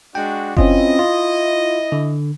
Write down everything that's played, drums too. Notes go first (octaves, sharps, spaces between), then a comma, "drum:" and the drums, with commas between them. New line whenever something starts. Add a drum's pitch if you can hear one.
G#3 D4 F#4 G5
C4 C#4 E4 F4 D#5, drum: kick F#1
F4
D3